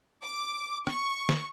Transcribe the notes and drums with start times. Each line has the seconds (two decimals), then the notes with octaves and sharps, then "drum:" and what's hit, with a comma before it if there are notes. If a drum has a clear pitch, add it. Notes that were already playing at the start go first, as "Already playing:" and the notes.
0.23 D6
0.87 C#6, drum: rim click
1.29 drum: snare